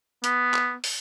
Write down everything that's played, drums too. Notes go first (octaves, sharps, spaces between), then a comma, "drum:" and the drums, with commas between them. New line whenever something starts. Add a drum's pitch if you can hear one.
B3, drum: hi-hat
drum: clap
drum: open hi-hat